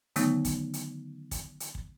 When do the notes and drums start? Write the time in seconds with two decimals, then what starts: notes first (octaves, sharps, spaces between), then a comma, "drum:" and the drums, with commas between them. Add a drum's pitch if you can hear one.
0.16 D3 D#3 F#3 A3 B3 D#4, drum: hi-hat
0.45 drum: kick, hi-hat
0.74 drum: hi-hat
1.31 drum: kick, hi-hat
1.60 drum: hi-hat
1.75 drum: kick